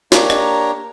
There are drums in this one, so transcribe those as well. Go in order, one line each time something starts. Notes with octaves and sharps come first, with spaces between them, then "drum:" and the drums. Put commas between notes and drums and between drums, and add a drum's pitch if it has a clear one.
A#3 D4 G4 C#5 A#5, drum: snare
drum: rim click